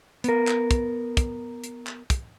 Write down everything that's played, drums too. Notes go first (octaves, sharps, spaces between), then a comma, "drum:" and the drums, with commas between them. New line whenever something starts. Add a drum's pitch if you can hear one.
B3 A#4, drum: hi-hat
drum: clap
drum: kick, hi-hat
drum: kick, hi-hat
drum: hi-hat
drum: clap
drum: kick, hi-hat